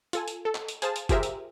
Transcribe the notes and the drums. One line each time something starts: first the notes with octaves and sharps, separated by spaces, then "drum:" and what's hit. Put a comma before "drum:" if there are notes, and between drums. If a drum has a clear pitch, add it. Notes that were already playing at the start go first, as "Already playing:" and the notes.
F4 A4 G#5, drum: hi-hat
drum: hi-hat
A4
drum: clap
drum: hi-hat
G#4 C5 F5 A5, drum: hi-hat
drum: hi-hat
F4 G4 G#4 A#4 C5 E5, drum: kick, hi-hat
drum: hi-hat